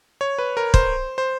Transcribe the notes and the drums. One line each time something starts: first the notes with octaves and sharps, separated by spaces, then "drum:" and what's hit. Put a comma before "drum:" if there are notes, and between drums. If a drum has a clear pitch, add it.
C#5
B4
A#4
C5, drum: kick
C5